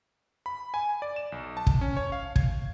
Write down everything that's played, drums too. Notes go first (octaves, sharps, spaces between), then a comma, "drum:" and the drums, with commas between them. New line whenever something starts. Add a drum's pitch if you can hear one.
B5
G#5
D5
E7
B1
A5
drum: kick
C#4
C#5
F5
G#6, drum: kick